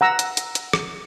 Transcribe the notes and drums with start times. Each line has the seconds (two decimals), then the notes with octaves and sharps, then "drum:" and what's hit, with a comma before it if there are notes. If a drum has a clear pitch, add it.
0.01 F#5 A#5 E6
0.19 drum: hi-hat
0.37 drum: hi-hat
0.55 drum: hi-hat
0.73 drum: rim click